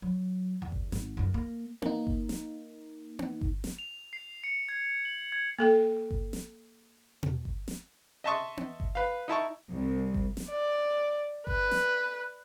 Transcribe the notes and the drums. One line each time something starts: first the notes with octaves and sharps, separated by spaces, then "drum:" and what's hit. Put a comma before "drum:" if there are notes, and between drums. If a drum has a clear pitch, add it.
F#3
E2
drum: kick G1
G#1, drum: snare
C#2 F#2
A#3
A#3 D#4, drum: tom B3
drum: kick G1
drum: snare
drum: tom B3
drum: kick G1
drum: snare
F7
C7
C#7
G#6
F#7
G#6
A#3 A4 G5
drum: kick G1
drum: snare
drum: tom B2
drum: kick G1
drum: snare
D#5 E5 A5 C6 C#6 D#6
drum: tom B3
drum: kick G1
B4 F5
D#4 E4 A5 C#6
C2
drum: kick G1
drum: snare
D5
B4, drum: kick G1
drum: snare